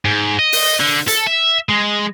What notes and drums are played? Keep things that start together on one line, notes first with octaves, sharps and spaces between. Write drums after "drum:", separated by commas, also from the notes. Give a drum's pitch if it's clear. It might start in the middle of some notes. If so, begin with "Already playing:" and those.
G#2
D#5
drum: open hi-hat
D3
A4, drum: hi-hat
E5
G#3